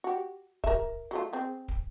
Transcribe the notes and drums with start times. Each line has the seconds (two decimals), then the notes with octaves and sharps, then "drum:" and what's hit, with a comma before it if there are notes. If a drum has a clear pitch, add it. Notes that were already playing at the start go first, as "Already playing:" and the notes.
0.04 F#4 G4
0.64 A#4 E5, drum: kick
1.11 F#3 A3 F4
1.33 C4 G#4
1.68 drum: kick